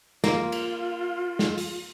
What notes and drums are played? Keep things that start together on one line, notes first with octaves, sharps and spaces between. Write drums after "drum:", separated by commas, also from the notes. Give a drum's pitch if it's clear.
A#3 F4, drum: snare
drum: cymbal
drum: snare
drum: open hi-hat